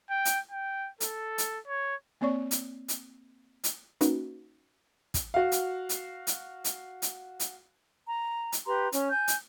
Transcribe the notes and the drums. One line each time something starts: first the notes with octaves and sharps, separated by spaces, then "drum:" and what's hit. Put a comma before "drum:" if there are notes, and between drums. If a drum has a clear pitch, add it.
G5
drum: hi-hat
G5
A4, drum: hi-hat
drum: hi-hat
C#5
A#3 C4 C#5 D5 C#6
drum: hi-hat
drum: hi-hat
drum: hi-hat
A#3 C#4 D#4 F#4 B4, drum: hi-hat
drum: kick, hi-hat
F#4 F5
drum: hi-hat
drum: hi-hat
drum: hi-hat
drum: hi-hat
drum: hi-hat
drum: hi-hat
A#5
drum: hi-hat
G4 B4 A#5 C6
C#4, drum: hi-hat
G#5 G6
drum: hi-hat